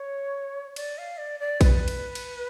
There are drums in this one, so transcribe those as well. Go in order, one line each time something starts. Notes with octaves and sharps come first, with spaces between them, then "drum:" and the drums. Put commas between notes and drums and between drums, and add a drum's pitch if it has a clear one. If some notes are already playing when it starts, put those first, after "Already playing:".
Already playing: C#5
D5, drum: cymbal
F5
D5
D5
B4, drum: kick, cymbal
drum: cymbal
drum: cymbal